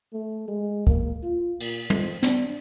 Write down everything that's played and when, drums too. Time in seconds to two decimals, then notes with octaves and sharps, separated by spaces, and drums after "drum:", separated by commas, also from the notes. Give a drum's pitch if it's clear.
0.13 A3
0.48 G#3
0.87 A#3, drum: kick
1.23 F4
1.60 A#2, drum: cymbal
1.90 F2, drum: tom
2.23 D4, drum: snare